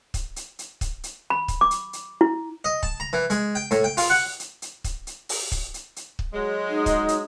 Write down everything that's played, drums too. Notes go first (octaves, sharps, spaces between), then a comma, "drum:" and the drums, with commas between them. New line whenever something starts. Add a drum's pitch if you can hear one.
drum: kick, hi-hat
drum: hi-hat
drum: hi-hat
drum: kick, hi-hat
drum: hi-hat
B5
drum: kick, hi-hat
D6
drum: hi-hat
drum: hi-hat
E4
D#5
A5, drum: kick
A#5
E3
G#3, drum: hi-hat
G5
A2, drum: hi-hat
G5
F4, drum: open hi-hat
F#5
drum: hi-hat
drum: hi-hat
drum: kick, hi-hat
drum: hi-hat
drum: open hi-hat
drum: kick, hi-hat
drum: hi-hat
drum: hi-hat
drum: kick
F#3 G#3
D#4
drum: kick, hi-hat
drum: hi-hat